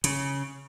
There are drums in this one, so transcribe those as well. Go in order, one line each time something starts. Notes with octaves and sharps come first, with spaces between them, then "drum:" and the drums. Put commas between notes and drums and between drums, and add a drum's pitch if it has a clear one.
C#3, drum: hi-hat